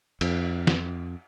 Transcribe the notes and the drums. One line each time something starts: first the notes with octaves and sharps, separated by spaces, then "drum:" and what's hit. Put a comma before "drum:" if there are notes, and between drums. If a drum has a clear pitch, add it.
F2, drum: cymbal
drum: snare